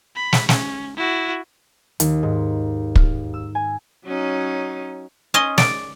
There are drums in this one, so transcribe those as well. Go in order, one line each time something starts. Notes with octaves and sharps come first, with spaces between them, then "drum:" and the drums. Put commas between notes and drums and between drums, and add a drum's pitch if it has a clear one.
B5
drum: snare
C#4, drum: snare
E4 F#4
D#2, drum: hi-hat
G#2
F6, drum: kick
E6
G#5
F#3 C#4 D#4
C#4 D#5 C6
D5, drum: snare